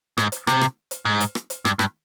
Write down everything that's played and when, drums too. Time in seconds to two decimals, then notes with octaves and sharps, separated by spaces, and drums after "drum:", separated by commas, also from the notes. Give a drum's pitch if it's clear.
0.18 G#2, drum: rim click
0.32 drum: hi-hat
0.47 C3, drum: rim click
0.61 drum: rim click
0.91 drum: hi-hat
1.05 G#2
1.20 drum: hi-hat
1.35 drum: rim click
1.50 drum: hi-hat
1.65 G2, drum: rim click
1.79 G2, drum: rim click